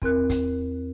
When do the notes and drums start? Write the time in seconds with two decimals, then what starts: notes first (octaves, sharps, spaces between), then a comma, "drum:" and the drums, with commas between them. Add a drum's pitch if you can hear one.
0.02 E2 C4 A#4 F#6, drum: kick
0.30 drum: kick, hi-hat